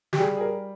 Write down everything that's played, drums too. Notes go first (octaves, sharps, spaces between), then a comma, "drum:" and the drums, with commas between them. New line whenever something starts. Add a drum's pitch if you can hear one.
G4, drum: snare
G3 G#4
G#4
A#4